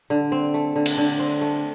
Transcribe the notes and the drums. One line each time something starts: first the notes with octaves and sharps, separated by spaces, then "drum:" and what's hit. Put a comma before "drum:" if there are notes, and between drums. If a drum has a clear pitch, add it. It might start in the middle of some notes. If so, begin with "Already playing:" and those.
D3
C4
A3
D3
drum: cymbal
D3
C4
A3